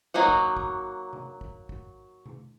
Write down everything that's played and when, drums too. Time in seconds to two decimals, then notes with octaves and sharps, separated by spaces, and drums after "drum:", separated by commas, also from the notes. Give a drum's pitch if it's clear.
0.14 F#3 A#3 D#4 F#4
0.28 drum: kick
0.57 drum: kick
1.13 drum: tom C3
1.41 drum: kick
1.69 drum: kick
2.26 drum: tom C3